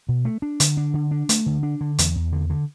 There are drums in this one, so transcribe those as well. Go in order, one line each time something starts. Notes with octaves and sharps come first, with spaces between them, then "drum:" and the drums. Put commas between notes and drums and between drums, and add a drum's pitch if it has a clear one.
B2
A3
D4
D3, drum: hi-hat
D4
D3
D4
A3, drum: hi-hat
D3
D4
D3
E2, drum: hi-hat
E2
D3
D3